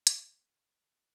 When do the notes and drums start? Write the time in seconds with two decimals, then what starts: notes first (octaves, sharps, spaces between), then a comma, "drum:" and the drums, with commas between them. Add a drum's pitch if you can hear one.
0.07 F#6, drum: hi-hat